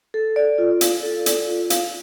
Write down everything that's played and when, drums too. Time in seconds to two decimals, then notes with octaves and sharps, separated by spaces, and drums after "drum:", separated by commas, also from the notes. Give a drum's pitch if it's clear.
0.14 A4
0.36 D5
0.58 F4
0.81 F5, drum: hi-hat
1.03 A4
1.26 D5, drum: hi-hat
1.47 F4
1.70 F5, drum: hi-hat